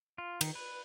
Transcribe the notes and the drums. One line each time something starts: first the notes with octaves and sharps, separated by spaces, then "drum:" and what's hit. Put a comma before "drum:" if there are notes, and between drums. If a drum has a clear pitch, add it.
F4
D#3, drum: cymbal
B4